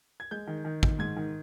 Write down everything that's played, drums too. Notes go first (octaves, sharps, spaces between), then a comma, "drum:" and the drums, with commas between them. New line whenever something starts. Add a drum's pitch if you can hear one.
G#6
G#3 G6
D#3
D#3
D#3, drum: kick
G#2 G#6
D#3